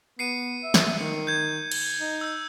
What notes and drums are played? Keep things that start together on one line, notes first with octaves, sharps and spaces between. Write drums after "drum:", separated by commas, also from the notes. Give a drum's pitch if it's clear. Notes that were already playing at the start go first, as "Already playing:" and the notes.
B3 C7 C#7 D#7
E5
drum: snare
D#3 C#7
G6 G#6
drum: cymbal
D#4
E6 G6